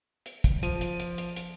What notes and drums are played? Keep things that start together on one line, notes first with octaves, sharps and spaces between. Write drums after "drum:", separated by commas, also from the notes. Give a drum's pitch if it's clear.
drum: hi-hat
drum: kick, hi-hat
F3 D#7, drum: hi-hat
drum: hi-hat
drum: hi-hat
drum: hi-hat
drum: hi-hat